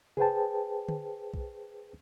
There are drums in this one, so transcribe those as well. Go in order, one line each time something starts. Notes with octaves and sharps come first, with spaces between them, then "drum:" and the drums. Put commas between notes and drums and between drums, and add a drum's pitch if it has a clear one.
G#4 B4 C5 G5 A5, drum: tom C3
drum: tom D3
drum: kick